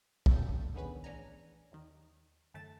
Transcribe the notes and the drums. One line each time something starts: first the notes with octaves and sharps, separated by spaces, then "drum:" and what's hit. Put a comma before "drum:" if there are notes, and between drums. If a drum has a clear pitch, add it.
C#4 A4 G5, drum: kick
D3 D#3 B3 C#4 G#4 B4
A1 E2 C#4 D4 G#5 A#5
D#2 D#3
F#2 D3 E3 A3 A5 A6